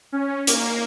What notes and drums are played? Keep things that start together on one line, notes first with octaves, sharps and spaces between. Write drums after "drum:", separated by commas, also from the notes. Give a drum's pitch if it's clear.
C#4
A#3, drum: hi-hat